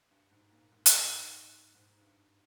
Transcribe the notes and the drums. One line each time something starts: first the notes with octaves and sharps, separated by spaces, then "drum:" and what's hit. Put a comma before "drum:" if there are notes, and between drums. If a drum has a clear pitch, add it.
G2
G#2
A#2
G#2
A#2, drum: hi-hat
G#2
G#2
G2